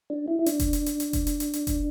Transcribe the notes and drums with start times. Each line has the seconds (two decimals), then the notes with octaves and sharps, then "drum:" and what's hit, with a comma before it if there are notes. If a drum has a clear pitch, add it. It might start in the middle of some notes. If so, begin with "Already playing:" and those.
0.10 D4
0.28 E4
0.39 E4
0.46 D4, drum: hi-hat
0.60 drum: kick F1, hi-hat
0.73 drum: hi-hat
0.86 drum: hi-hat
1.00 drum: hi-hat
1.13 drum: kick F1, hi-hat
1.27 drum: hi-hat
1.40 drum: hi-hat
1.53 drum: hi-hat
1.67 drum: kick F1, hi-hat